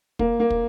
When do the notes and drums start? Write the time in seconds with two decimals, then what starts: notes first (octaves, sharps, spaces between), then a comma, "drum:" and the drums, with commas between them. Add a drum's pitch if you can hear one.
0.19 A#3, drum: kick
0.40 A#3
0.50 drum: kick